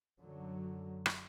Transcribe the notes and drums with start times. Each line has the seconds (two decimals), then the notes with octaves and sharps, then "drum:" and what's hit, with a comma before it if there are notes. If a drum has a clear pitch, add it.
0.20 F#2 D3 F#3
1.06 drum: rim click